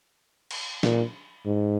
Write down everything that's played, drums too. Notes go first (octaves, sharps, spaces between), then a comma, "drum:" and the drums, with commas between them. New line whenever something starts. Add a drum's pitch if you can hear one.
drum: cymbal
A#2, drum: snare
G#2